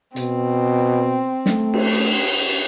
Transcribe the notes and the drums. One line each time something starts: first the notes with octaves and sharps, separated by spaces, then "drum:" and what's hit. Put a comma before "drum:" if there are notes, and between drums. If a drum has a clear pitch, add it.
B2 C4, drum: hi-hat
A3, drum: snare
drum: cymbal